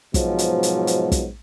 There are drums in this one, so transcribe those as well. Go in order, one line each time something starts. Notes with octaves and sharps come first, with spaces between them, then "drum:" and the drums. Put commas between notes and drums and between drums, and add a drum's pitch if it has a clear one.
G#2 B2 F3 F#3, drum: kick, hi-hat
drum: hi-hat
drum: hi-hat
drum: hi-hat
drum: kick, hi-hat